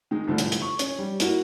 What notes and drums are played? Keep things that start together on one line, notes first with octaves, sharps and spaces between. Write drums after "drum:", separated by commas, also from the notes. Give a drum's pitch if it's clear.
D#3 G#3 D#4
C2 G#2 D3 F3 A3
drum: hi-hat
drum: hi-hat
C#6
C#4, drum: hi-hat
G3
A#3 E4 F#4, drum: hi-hat